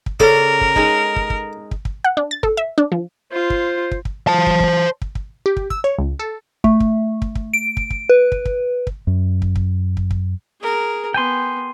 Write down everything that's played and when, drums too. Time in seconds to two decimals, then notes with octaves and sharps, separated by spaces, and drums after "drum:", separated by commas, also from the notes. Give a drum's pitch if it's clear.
0.06 drum: kick
0.20 C#3 A4 A#4 D5, drum: kick
0.61 drum: kick
0.76 G#3 D#4 G#4, drum: kick
1.16 drum: kick
1.30 drum: kick
1.71 drum: kick
1.85 drum: kick
2.04 F#5
2.17 D4
2.31 A6
2.43 A4, drum: kick
2.57 E5
2.78 D4
2.92 F3
3.32 F4 C5
3.50 drum: kick
3.91 drum: kick
4.05 drum: kick
4.27 C5 A5
4.47 drum: kick
4.60 drum: kick
5.02 drum: kick
5.15 drum: kick
5.46 G4
5.57 drum: kick
5.70 E6, drum: kick
5.84 C#5
5.99 C#2
6.19 A4
6.64 A3, drum: kick
6.80 drum: kick
7.22 drum: kick
7.35 drum: kick
7.53 D7
7.77 drum: kick
7.90 drum: kick
8.09 B4
8.32 drum: kick
8.45 drum: kick
8.87 drum: kick
9.07 F#2
9.42 drum: kick
9.56 drum: kick
9.97 drum: kick
10.11 drum: kick
10.60 G#4 A#4
11.14 B3 G5 G#5 C6